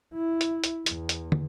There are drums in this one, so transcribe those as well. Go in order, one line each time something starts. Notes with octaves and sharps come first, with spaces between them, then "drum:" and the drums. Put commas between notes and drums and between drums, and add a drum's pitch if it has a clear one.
E4
drum: hi-hat
drum: hi-hat
E2, drum: hi-hat
drum: hi-hat
drum: tom